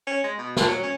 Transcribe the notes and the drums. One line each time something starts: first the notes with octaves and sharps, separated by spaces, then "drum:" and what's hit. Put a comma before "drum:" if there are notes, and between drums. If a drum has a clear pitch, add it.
C#4
G#3
B2
D3, drum: snare
F#3
C#4